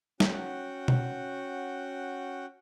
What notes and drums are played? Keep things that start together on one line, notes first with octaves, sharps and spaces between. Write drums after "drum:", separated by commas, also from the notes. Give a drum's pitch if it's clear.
C#4 F#4 F#5 G5, drum: snare
drum: tom B2